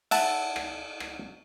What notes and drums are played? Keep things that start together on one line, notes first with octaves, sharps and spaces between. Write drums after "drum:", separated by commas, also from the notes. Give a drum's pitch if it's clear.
E5 F#5 A5, drum: cymbal
drum: rim click
drum: rim click